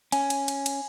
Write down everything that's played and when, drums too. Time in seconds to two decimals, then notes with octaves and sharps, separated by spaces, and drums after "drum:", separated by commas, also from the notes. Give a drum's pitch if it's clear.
0.12 C#4 G#5, drum: cymbal
0.30 drum: cymbal
0.48 drum: cymbal
0.66 drum: cymbal